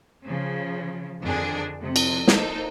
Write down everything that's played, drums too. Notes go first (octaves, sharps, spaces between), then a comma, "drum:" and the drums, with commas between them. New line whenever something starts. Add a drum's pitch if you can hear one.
C#3 F3
F2 D3 D#3 D4 G#4
F2 C3
drum: cymbal
A#3 D#4 A4 C5, drum: snare